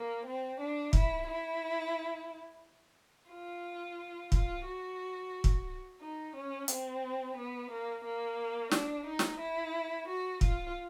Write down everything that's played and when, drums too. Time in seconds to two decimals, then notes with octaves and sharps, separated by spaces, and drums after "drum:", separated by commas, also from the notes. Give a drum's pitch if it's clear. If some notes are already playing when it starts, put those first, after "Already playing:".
Already playing: A#3
0.24 C4
0.59 D4
0.93 E4, drum: kick
1.27 E4
3.30 F4
4.32 F4, drum: kick
4.66 F#4
5.44 drum: kick
6.01 D#4
6.34 C#4
6.68 C4, drum: hi-hat
7.36 B3
7.70 A#3
8.04 A#3
8.71 D4, drum: snare
9.05 D#4
9.19 drum: snare
9.39 E4
10.07 F#4
10.41 F4, drum: kick